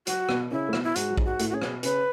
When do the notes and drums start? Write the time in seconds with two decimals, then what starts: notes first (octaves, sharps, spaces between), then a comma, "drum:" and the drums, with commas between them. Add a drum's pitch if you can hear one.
0.07 F#3 F#4, drum: hi-hat
0.29 B2 B3, drum: rim click
0.51 C#3 C#4 E4
0.69 A3
0.73 B2 B3, drum: rim click
0.84 E4
0.96 G#2 G#3 F#4, drum: hi-hat
1.10 F#3
1.17 G#2 G#3, drum: kick A#1
1.25 F#4
1.39 A2 A3, drum: hi-hat
1.50 F#4
1.53 C#4 G#4
1.62 B2 B3, drum: rim click
1.83 C#3 C#4 B4, drum: hi-hat